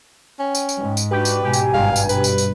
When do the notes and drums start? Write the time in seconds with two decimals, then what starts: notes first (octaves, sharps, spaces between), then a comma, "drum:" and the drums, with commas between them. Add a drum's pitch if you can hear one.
0.39 C#4 G5
0.55 drum: tambourine
0.69 drum: tambourine
0.78 G#2
0.97 drum: tambourine
1.11 D4 F#4 G4 B4
1.25 drum: tambourine
1.43 G#2 B2 G4 G5 G#5 A#5
1.53 drum: tambourine
1.74 G#1 G2 F5
1.96 drum: tambourine
2.09 B2 B4, drum: tambourine
2.24 drum: tambourine
2.38 drum: tambourine